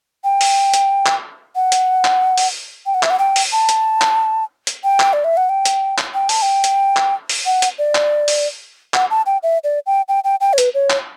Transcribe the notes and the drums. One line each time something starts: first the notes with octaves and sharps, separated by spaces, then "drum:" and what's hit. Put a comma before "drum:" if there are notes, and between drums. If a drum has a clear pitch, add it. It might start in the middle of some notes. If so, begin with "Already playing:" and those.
G5
drum: open hi-hat
drum: hi-hat
drum: clap
F#5
drum: hi-hat
drum: clap
drum: open hi-hat
G5
F#5
E5, drum: clap
F#5
G5
drum: open hi-hat
A5
drum: hi-hat
drum: clap
drum: hi-hat
G5
drum: clap
D5
E5
F#5
G5
drum: hi-hat
drum: clap
G5
A5, drum: open hi-hat
G5
drum: hi-hat
drum: clap
drum: open hi-hat
F#5
drum: hi-hat
D5
drum: clap
drum: open hi-hat
F#5, drum: clap
A5
G5
E5
D5
G5
G5
G5
G5
C#5
B4, drum: hi-hat
C#5
drum: clap